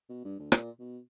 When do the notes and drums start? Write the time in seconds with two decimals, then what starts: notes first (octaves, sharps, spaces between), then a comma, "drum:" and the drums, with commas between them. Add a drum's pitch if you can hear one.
0.09 B2
0.24 G2
0.39 D2
0.52 A#2, drum: rim click
0.79 B2